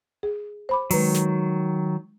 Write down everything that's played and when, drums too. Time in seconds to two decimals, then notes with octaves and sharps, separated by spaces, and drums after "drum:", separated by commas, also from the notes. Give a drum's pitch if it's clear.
0.23 G#4
0.69 C5 B5 D6
0.91 D#3 F#3 G#3 B4 A#5, drum: open hi-hat
1.14 drum: snare